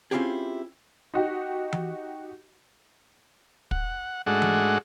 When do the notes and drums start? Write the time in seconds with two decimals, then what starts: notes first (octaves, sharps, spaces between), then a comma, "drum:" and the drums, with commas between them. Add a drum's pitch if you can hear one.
0.11 C4 C#4 E4 F4 G4 G#4
1.14 D#4 F#4 G4
1.73 drum: tom E3
3.71 F#5, drum: kick
4.26 G#2 G#3 A3 D4 F#4 F#5
4.42 drum: tom E3